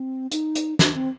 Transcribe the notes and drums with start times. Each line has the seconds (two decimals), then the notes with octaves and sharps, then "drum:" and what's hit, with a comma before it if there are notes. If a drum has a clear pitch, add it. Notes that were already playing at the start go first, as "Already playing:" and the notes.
Already playing: C4
0.31 D#4, drum: hi-hat
0.55 drum: hi-hat
0.79 D4, drum: snare
0.95 C4